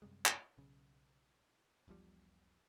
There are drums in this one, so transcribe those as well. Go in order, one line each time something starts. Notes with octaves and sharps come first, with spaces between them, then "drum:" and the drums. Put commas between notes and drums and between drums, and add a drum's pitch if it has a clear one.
F#2 C3 G3 G#3
drum: clap
B1 C#3
E1 B1 F3 G3